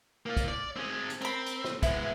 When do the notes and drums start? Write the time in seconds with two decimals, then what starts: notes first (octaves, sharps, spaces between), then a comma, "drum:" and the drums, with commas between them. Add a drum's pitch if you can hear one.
0.26 A#3 F4
0.37 drum: kick, hi-hat
0.48 D5
0.76 C4 G#4
1.10 drum: hi-hat
1.22 C4 A#4 B5
1.46 drum: hi-hat
1.64 drum: snare
1.83 G#3 B3 E4, drum: kick, hi-hat